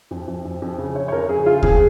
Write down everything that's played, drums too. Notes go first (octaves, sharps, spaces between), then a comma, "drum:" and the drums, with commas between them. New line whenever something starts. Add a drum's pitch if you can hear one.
F2
F2
F2
F2
C#3
C#3 C#5
C#5
F2 A#4
C#3 G#4
C#3 F4
F2 G#4, drum: kick D2